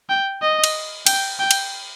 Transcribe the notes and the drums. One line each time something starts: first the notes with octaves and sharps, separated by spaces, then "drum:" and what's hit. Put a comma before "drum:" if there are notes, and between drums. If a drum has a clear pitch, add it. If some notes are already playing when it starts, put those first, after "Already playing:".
G5
D#5
drum: cymbal
G5, drum: cymbal
G5
drum: cymbal